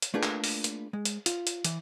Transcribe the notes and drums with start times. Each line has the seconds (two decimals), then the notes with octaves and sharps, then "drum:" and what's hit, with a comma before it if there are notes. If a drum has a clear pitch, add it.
0.02 drum: hi-hat
0.14 A3 A#3 D4 F4 G#4 B4
0.23 drum: clap
0.44 drum: open hi-hat
0.64 drum: hi-hat
0.93 G#3
1.05 drum: hi-hat
1.26 F4, drum: hi-hat
1.47 drum: hi-hat
1.65 E3, drum: hi-hat